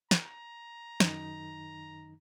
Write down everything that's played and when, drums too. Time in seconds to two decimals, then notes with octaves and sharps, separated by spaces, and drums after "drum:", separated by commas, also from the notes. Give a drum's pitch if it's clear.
0.11 A#5, drum: snare
1.00 F#2 D#3 D#4, drum: snare